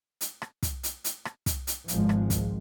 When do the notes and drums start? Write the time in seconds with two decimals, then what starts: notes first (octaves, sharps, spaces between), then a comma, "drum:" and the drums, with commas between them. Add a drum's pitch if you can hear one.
0.21 drum: hi-hat
0.42 drum: rim click
0.63 drum: kick, hi-hat
0.83 drum: hi-hat
1.04 drum: hi-hat
1.25 drum: rim click
1.46 drum: kick, hi-hat
1.67 drum: hi-hat
1.88 G#1 F3 G#3, drum: hi-hat
2.09 drum: rim click
2.30 drum: kick, hi-hat